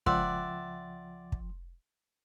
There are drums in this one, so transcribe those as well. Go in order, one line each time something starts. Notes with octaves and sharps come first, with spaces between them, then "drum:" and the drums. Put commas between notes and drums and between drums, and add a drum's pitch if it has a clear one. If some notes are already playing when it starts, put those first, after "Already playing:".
C#2 F3 D5 E5 F#5 G5 C6, drum: kick
drum: kick